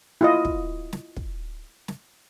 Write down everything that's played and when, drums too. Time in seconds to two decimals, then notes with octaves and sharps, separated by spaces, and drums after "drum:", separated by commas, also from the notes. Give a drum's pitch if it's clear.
0.21 E4 F4 D#5
0.45 drum: kick
0.93 drum: snare
1.16 drum: kick
1.88 drum: snare